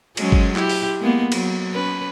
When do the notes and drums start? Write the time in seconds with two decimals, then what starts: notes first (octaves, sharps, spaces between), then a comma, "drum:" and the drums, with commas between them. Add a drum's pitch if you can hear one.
0.17 F#3 G#3 C#4, drum: cymbal
0.32 drum: kick G1
0.56 E4 G4, drum: clap
0.69 drum: open hi-hat
1.00 G#3 A#3 B3
1.32 F#3, drum: cymbal
1.74 C#4 B4